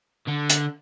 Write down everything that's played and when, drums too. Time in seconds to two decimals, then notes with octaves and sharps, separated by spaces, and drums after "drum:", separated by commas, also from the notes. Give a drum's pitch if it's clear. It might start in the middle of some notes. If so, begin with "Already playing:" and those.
0.28 D3
0.50 drum: hi-hat